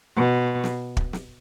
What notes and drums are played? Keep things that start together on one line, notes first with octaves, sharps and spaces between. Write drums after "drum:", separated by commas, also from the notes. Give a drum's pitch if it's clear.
B2
drum: snare
drum: kick
drum: snare